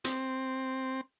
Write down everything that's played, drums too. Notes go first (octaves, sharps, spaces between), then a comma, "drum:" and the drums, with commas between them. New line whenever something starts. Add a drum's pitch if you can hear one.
C4, drum: hi-hat